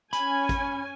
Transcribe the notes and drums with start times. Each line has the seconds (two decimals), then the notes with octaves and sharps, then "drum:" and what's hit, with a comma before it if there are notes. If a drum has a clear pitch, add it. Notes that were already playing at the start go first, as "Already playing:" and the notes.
0.13 C#4 G#5 B5, drum: hi-hat
0.49 drum: kick, hi-hat